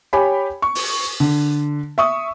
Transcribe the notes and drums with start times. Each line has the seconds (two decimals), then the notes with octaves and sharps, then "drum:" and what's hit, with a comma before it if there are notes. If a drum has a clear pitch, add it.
0.13 G4 C#5 G5 G#5 B5
0.62 C#6
0.75 drum: open hi-hat
1.20 D3
1.98 E5 C#6 D#6